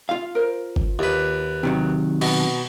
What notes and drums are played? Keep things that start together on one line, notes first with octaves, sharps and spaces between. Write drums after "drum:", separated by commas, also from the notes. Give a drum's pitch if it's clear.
F4 F5
A#4 C5
drum: kick
D#2 B4
C3 D#3 F#3 G4 C#5
B2, drum: cymbal